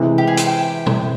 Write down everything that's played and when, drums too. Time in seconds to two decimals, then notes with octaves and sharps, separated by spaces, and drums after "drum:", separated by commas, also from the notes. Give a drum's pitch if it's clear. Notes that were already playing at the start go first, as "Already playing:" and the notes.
Already playing: C3 E3 G#3 E4
0.18 G4
0.27 G#4
0.37 C5, drum: hi-hat
0.46 G5
0.86 drum: tom